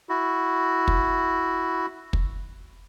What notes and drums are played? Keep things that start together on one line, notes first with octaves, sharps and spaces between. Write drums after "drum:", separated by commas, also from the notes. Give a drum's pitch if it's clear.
E4 F#4
drum: kick
drum: kick